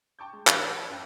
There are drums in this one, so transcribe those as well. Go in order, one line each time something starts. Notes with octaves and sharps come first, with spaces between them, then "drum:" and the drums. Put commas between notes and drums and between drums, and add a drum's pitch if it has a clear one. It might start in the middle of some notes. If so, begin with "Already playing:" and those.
G5 A5 C#6 D6 G6
G#3
E3 G#3 C#4 D#4 F4 B4, drum: clap
G#4 A#4 B4 C#5 B5
C5
F#2 G5